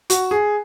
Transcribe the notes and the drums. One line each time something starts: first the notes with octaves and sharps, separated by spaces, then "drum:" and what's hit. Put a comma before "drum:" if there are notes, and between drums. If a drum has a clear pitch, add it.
F#4, drum: hi-hat
G#4